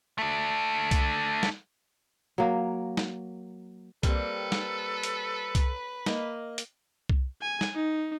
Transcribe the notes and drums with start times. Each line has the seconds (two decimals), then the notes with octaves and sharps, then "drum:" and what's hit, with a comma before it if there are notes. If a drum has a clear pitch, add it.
0.18 A3 D4
0.91 drum: kick C2, hi-hat
1.43 drum: snare
2.38 F#3 A#3
2.97 drum: snare
4.03 G3 A#3 C4 A4 B4, drum: kick C2, hi-hat
4.52 drum: snare
5.03 drum: hi-hat
5.55 drum: kick C2, hi-hat
6.06 A#3 D#5, drum: snare
6.58 drum: hi-hat
7.09 drum: kick C2
7.42 G#5
7.61 drum: snare
7.75 D#4